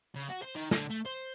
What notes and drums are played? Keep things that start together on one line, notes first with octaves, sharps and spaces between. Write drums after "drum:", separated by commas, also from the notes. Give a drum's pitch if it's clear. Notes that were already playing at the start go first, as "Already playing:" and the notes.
C#3
F#4
C5
D#3
D3, drum: snare
A3
C5